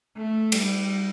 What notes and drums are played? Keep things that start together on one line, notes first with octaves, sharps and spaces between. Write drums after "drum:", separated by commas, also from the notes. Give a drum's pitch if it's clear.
A3
G3, drum: cymbal